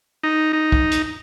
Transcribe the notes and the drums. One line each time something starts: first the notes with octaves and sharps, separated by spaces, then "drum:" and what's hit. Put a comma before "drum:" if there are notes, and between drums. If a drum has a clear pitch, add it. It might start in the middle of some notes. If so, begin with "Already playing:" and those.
D#4
D#4
drum: kick
drum: hi-hat